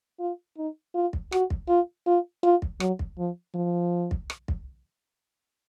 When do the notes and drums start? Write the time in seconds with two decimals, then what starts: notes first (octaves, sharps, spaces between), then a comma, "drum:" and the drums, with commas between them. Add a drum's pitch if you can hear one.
0.20 F4
0.57 D#4
0.95 F4
1.13 drum: kick
1.32 F#4, drum: rim click
1.50 drum: kick
1.69 F4
2.07 F4
2.43 F4
2.62 drum: kick
2.80 F#3, drum: rim click
2.99 drum: kick
3.18 F3
3.55 F3
4.11 drum: kick
4.30 drum: rim click
4.48 drum: kick